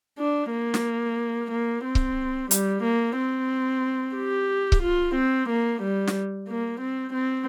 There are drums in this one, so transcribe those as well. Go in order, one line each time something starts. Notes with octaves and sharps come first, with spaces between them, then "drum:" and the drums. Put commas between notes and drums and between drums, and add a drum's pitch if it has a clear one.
D4
A#3
drum: snare
A#3
C4
drum: kick C#1
G3, drum: hi-hat
A#3
C4
G4
drum: kick C#1
F4
C4
A#3
G3
drum: snare
A#3
C4
C4